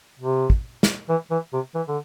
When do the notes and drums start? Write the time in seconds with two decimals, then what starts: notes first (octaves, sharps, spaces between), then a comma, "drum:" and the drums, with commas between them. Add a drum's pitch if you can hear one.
0.19 C3
0.50 drum: kick
0.83 drum: snare
1.09 E3
1.31 E3
1.53 C3
1.75 E3
1.88 D3